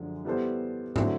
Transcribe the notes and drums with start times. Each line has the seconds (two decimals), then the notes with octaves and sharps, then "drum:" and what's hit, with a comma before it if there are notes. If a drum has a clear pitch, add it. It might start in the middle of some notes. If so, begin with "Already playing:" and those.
Already playing: F#2 D3 F3 G#3
0.25 G3 B3 E4 A4 C5
0.96 D3 F#3 A3 C4 E4, drum: tom